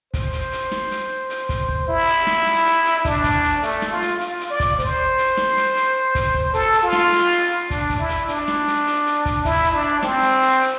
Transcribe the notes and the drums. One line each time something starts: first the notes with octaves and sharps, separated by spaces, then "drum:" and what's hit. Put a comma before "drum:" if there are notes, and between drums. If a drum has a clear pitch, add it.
C5, drum: kick, hi-hat
drum: hi-hat
drum: hi-hat
drum: snare
drum: hi-hat
drum: hi-hat
drum: kick, hi-hat
drum: kick
E4
drum: hi-hat
drum: snare
drum: hi-hat
drum: hi-hat
drum: hi-hat
D4, drum: kick, hi-hat
drum: kick, hi-hat
drum: hi-hat
A3, drum: hi-hat
drum: snare
F4
drum: hi-hat
F4, drum: hi-hat
drum: hi-hat
D5
drum: kick, hi-hat
C5, drum: kick, hi-hat
drum: hi-hat
drum: snare
drum: hi-hat
drum: hi-hat
drum: kick, hi-hat
drum: kick
A4, drum: hi-hat
drum: hi-hat
F4
drum: snare
drum: hi-hat
drum: hi-hat
drum: hi-hat
D4, drum: kick, hi-hat
drum: kick, hi-hat
E4
drum: hi-hat
D4, drum: hi-hat
drum: snare
drum: hi-hat
drum: hi-hat
drum: hi-hat
drum: kick, hi-hat
E4, drum: kick, hi-hat
drum: hi-hat
D4
C4, drum: snare
drum: hi-hat
drum: hi-hat
drum: hi-hat